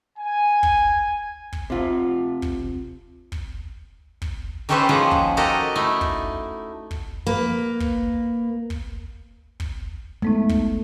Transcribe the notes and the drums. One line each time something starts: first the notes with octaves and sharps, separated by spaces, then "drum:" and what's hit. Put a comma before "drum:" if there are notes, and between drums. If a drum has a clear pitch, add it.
G#5
drum: kick
drum: kick
C3 F4
drum: kick
drum: kick
drum: kick
D#3 C#4 G4 A4 B4 C5
D#3 F3 A#3 G#4 F#5
drum: kick
F#4 G4 A4 A#4 D#5
A3 D#4 E4
drum: kick
drum: kick
A#3 B4
drum: kick
drum: kick
drum: kick
G#3 A3 B3 D#4
drum: kick